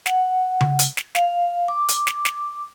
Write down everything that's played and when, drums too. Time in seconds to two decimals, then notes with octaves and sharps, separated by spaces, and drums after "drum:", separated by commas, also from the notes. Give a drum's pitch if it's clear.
0.06 F#5, drum: snare
0.61 drum: tom C#3
0.79 drum: hi-hat
0.97 drum: snare
1.15 F5, drum: snare
1.68 D6
1.88 drum: hi-hat
2.07 drum: snare
2.25 drum: snare